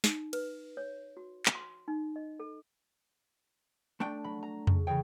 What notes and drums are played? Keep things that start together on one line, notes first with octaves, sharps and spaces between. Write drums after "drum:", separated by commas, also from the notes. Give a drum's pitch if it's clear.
D#4, drum: snare
B4, drum: cymbal
C#5
F#4
drum: clap
C6
D#4
D#5
A4
A3 D4 G5
F#3 B5
A#5
C#3, drum: tom F2
C#3 E3 A3 G#4 C#5 G5